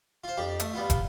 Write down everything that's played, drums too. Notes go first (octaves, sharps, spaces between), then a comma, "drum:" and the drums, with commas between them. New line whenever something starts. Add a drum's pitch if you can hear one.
F4 C5
F2 D4 G4
A3 D#6, drum: hi-hat
G3 B3 F4
drum: kick, hi-hat